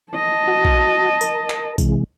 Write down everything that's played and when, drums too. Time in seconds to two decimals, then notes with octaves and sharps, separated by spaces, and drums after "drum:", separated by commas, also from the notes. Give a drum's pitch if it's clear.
0.12 D#5 A5
0.47 F#4
0.65 drum: kick
1.21 A#4, drum: tambourine
1.50 drum: clap
1.78 C3 E3 G#3, drum: kick, tambourine